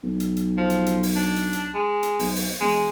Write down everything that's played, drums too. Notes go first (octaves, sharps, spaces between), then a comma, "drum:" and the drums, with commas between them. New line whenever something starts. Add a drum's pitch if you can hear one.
B1
drum: hi-hat
drum: hi-hat
F3
drum: hi-hat
drum: hi-hat
drum: open hi-hat
D4
drum: hi-hat
drum: hi-hat
G#3
drum: hi-hat
B1, drum: open hi-hat
drum: open hi-hat
E1 G#3